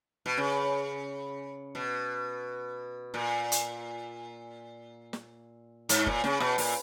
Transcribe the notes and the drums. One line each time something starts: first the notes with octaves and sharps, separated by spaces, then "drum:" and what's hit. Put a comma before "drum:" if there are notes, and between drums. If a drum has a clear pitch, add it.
B2
C#3
B2
A#2
drum: hi-hat
drum: snare
G#2, drum: hi-hat
A#2, drum: kick F#1
C#3, drum: snare
B2, drum: rim click
A#2, drum: open hi-hat